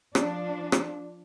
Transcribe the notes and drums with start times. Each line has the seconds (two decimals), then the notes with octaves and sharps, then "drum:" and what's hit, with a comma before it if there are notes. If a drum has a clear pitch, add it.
0.15 F3 D4, drum: rim click
0.72 drum: rim click